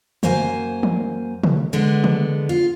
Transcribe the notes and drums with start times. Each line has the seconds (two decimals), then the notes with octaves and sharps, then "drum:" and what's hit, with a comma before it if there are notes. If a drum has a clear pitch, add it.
0.23 F#2 A#3 C5 F5 G#5, drum: tom
0.83 drum: tom
1.44 drum: tom
1.73 D3 G#3 B3
2.04 drum: tom
2.49 F4